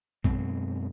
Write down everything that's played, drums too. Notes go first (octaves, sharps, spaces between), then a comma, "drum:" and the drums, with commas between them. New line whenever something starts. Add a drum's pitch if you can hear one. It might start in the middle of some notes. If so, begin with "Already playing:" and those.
F#2 B2 G#3 C4, drum: kick